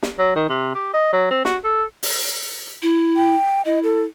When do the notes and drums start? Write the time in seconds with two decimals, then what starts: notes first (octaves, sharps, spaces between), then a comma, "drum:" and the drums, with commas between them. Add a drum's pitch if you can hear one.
0.03 drum: snare
0.19 F#3
0.36 D#3
0.49 C3
0.75 G4
0.94 D#5
1.13 F#3
1.31 C4
1.45 F#4, drum: snare
1.64 A4
2.03 drum: open hi-hat
2.82 E4
3.16 G5
3.65 E4 D#5
3.83 A4